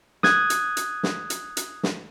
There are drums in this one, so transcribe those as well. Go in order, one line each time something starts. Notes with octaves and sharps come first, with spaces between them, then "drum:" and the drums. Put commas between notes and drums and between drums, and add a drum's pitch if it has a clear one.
D#6 F#6 G#6, drum: snare
drum: hi-hat
drum: hi-hat
drum: snare
drum: hi-hat
drum: hi-hat
drum: snare